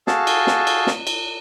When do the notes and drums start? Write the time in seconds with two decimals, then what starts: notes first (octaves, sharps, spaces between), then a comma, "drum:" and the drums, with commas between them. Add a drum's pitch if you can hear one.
0.07 F#4 G#4 A4 F5 A5, drum: snare
0.27 drum: cymbal
0.47 drum: snare
0.67 drum: cymbal
0.87 drum: snare
1.07 drum: cymbal